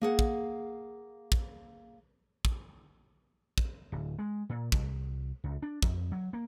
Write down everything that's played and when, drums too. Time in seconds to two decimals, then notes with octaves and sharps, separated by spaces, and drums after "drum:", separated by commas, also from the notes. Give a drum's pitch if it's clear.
0.01 A#3 G#4 F#5
0.19 drum: kick
1.32 drum: kick
2.45 drum: kick
3.58 drum: kick
3.92 D1
4.19 G#3
4.50 A#2
4.72 C2, drum: kick
5.44 C#2
5.62 D4
5.82 F2, drum: kick
6.12 F#3
6.33 A#3